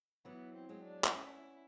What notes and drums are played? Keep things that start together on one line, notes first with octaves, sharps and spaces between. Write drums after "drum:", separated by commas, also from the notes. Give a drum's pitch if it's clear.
E3 F#3 B3
C4
F#3 G#3
D4
drum: clap
B3 C#4 E4